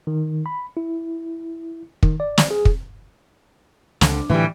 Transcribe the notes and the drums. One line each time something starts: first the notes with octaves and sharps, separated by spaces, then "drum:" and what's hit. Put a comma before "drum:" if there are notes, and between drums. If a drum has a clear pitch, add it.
D#3
B5
E4
D#3, drum: kick
D5
drum: snare
G#4
drum: kick
C#2 D3, drum: snare
A2 D3 E3 F3 G3